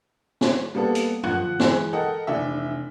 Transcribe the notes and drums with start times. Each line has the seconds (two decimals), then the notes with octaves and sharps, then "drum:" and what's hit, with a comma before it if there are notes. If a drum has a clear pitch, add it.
0.41 drum: snare
0.75 G3 A#3 B3 A4
0.95 drum: hi-hat
1.23 F3 F#5 F#6, drum: tom F#2
1.59 E3 G#3, drum: snare
1.93 A4 A#4 D#5 F#5 G5
2.27 F1 E3 D4 E5